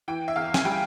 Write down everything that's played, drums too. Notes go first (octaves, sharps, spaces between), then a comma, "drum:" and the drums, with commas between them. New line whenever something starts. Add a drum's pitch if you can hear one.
E3 G5
E5
E2 F5
G#5, drum: snare
G3 G5